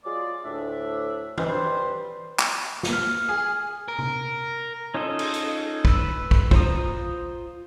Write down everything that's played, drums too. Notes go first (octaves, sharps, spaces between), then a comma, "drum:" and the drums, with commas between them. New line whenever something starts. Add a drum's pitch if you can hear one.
F#3 G#3 F4 G#4 D5
D2 A2 D4 E5
G3 B4 C5, drum: tom
drum: clap
drum: snare
F6
G#4
A#4
drum: tom C3
C#4 D#4 F4 A4 D#5
drum: cymbal
drum: hi-hat
B4 E6, drum: kick
drum: kick
F4 C5 A#5 D#6, drum: kick